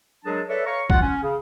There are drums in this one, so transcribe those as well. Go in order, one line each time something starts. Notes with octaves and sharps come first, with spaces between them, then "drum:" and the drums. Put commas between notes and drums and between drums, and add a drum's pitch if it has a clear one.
F#3 G#3 D4 G#4 A#4 A5
A4 B4 C#5 D5 E5
C#5 F5 A#5 C#6
F4 F#5, drum: kick
C#4
C#3